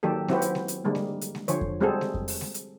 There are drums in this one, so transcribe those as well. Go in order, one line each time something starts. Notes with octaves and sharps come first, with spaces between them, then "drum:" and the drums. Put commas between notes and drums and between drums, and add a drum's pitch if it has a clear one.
D#3 F#3 A#3 G4 A4
F#3 C4 E4 F#4 G4 B4, drum: snare G#3
drum: hi-hat
drum: snare G#3
drum: hi-hat
D3 G3 G#3 A#3
drum: snare G#3
drum: hi-hat
drum: snare G#3
D3 F3 C5 C#5, drum: hi-hat
drum: kick F2
G3 G#3 C4 F#4 G#4 A4
drum: snare G#3
drum: kick F2
drum: open hi-hat
drum: snare G#3
drum: hi-hat